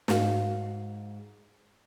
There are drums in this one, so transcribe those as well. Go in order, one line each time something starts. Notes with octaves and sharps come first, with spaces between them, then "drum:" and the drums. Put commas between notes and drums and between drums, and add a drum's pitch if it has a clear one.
G#2 F#4 F5, drum: snare